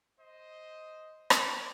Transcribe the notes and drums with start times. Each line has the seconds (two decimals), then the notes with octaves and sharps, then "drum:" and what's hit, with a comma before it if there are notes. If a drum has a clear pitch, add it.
0.19 C5 D#5
1.30 A#4 D5, drum: rim click